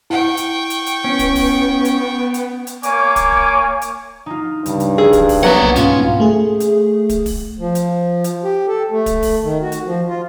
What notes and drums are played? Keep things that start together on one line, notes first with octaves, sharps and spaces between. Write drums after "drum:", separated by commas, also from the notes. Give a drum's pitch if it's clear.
E4 F#5 G5 C#6
drum: hi-hat
drum: hi-hat
drum: hi-hat
B3 C#4
drum: kick, hi-hat
drum: kick, open hi-hat
drum: hi-hat
drum: hi-hat
drum: hi-hat
A#3 C#5 G#5 C#6 D6, drum: hi-hat
drum: kick, hi-hat
drum: kick
drum: hi-hat
D#4 F4
C#2 G2, drum: hi-hat
drum: hi-hat
G3 F4 G#4 E6
drum: kick, hi-hat
drum: kick, open hi-hat
F#3 A#3 B3 F#5
drum: tom C2
G#2 B2 C#4 F4, drum: hi-hat
A3 G#4
drum: hi-hat
drum: kick, hi-hat
drum: kick, open hi-hat
F3
drum: hi-hat
drum: hi-hat
G4
A4
A3
drum: kick, hi-hat
drum: kick, open hi-hat
D#3
F#4
drum: hi-hat
F3
F4